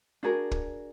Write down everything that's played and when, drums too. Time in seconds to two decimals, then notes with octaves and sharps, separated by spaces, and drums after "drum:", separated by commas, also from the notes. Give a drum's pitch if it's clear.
0.23 D4 F#4 G#4 A#4
0.51 drum: kick